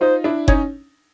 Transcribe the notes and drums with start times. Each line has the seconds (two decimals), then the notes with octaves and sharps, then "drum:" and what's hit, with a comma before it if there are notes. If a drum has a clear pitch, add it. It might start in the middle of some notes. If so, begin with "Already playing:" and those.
0.01 D#4 F4 C5
0.24 D4 E4
0.48 C#4 D#4 C#5, drum: kick F#1